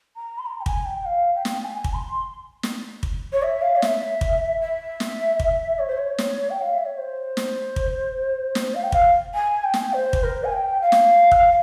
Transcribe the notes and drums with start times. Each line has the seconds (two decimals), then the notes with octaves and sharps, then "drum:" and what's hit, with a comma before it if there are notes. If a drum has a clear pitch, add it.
0.17 A#5
0.38 C6
0.46 A#5
0.61 G5
0.66 G#5, drum: kick
0.85 G5
1.05 F5
1.34 G5
1.45 drum: snare
1.65 G#5
1.84 drum: kick
1.94 C6
2.63 drum: snare
3.03 drum: kick
3.33 C#5
3.43 E5
3.62 F5
3.76 C#5
3.82 E5, drum: snare
4.21 drum: kick
4.60 E5
5.00 drum: snare
5.40 drum: kick
5.79 C#5
5.88 C5
5.97 C#5
6.18 drum: snare
6.50 G5
6.61 F5
6.73 E5
6.85 C#5
6.98 C5
7.37 drum: snare
7.76 drum: kick
8.55 drum: snare
8.75 F5
8.84 G5
8.92 F5, drum: kick
9.34 G#5
9.64 G5
9.74 drum: snare
9.93 C5
10.13 drum: kick
10.23 A#4
10.44 G#5
10.52 G5
10.82 F5
10.92 drum: snare
11.31 drum: kick